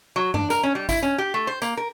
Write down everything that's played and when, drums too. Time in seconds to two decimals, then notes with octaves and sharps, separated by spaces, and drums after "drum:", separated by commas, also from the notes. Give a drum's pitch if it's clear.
0.16 F#3
0.34 D4, drum: tom G2
0.50 A#4, drum: tambourine
0.63 C#4
0.75 G3
0.89 E4, drum: kick, tambourine
1.03 C#4
1.18 G4
1.34 A3
1.47 C5
1.62 A#3, drum: tambourine
1.77 A#4